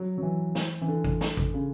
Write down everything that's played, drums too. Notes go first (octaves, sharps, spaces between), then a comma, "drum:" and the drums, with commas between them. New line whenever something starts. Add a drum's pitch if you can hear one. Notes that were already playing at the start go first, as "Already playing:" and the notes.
Already playing: F#3
F#3
E3
drum: snare
E3
D3
drum: kick G#1
drum: snare
drum: kick G#1
C#3